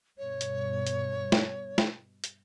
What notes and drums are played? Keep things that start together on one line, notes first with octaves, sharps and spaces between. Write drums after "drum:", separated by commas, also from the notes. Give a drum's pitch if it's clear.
G2 B2 C#5
drum: hi-hat
drum: hi-hat
drum: snare
drum: snare
drum: hi-hat